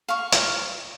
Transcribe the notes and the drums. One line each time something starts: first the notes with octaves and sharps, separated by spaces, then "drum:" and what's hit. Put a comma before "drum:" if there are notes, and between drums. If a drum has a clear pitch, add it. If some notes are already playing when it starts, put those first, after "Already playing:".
F5 C#6
drum: hi-hat